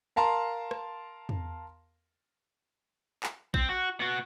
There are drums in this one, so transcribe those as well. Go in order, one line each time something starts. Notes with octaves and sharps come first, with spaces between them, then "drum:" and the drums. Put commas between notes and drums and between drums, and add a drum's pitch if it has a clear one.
A#4 F5 A5 A#5 C6
drum: rim click
drum: tom E2
drum: clap
C4, drum: kick A#1
F#4
B3 F#4